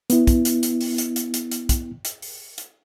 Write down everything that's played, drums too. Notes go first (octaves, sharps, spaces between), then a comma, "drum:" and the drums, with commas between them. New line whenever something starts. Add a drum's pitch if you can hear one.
B3 E4, drum: hi-hat
drum: kick, hi-hat
drum: hi-hat
drum: hi-hat
drum: open hi-hat
drum: hi-hat
drum: hi-hat
drum: hi-hat
drum: hi-hat
drum: kick, hi-hat
drum: hi-hat
drum: open hi-hat
drum: hi-hat